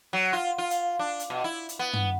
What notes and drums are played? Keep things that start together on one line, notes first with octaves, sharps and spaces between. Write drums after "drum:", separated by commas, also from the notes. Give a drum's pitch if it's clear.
F#3
F4
F4
drum: hi-hat
D4
drum: hi-hat
B2
E4
drum: hi-hat
B3
drum: tom